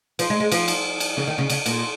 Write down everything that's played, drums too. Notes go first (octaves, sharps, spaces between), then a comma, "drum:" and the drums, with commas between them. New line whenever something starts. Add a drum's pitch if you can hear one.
F3, drum: cymbal
G#3
G#3
F3, drum: cymbal
drum: cymbal
drum: cymbal
C#3, drum: snare
D#3
C#3
C#3, drum: cymbal
A#2, drum: cymbal